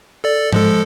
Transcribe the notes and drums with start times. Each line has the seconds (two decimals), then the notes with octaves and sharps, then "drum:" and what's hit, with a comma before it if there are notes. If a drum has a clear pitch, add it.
0.24 A4 D5
0.52 F3 G#3 A4, drum: tom G#2